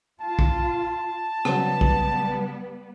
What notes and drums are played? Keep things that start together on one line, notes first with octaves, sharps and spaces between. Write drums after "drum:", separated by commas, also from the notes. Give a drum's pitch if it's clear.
F4 A5
drum: kick B1
C#3 F#3 G3 B3, drum: rim click
drum: kick B1